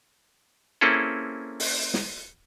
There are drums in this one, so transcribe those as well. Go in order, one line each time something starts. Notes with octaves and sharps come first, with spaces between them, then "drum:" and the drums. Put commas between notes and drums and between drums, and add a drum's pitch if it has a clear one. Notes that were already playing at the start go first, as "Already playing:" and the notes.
A#3 C4 C#4 E4 G#4 A4
drum: open hi-hat
drum: snare